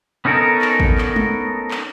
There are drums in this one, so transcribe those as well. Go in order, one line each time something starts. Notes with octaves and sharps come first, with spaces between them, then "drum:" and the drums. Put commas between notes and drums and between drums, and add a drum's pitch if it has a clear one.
B3 C#4 D#4 A4 A#4
drum: clap
drum: kick
drum: clap
drum: tom G#3
drum: clap